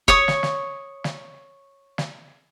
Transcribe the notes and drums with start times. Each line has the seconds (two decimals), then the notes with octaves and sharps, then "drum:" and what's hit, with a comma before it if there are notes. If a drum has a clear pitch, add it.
0.08 C#5 C#6 D#6, drum: kick F#1
0.28 drum: snare
0.43 drum: snare
1.04 drum: snare
1.98 drum: snare